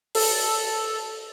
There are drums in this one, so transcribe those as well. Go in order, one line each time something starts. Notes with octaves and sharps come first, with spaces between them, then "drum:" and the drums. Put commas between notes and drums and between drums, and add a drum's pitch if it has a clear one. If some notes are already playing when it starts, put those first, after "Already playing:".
A4, drum: open hi-hat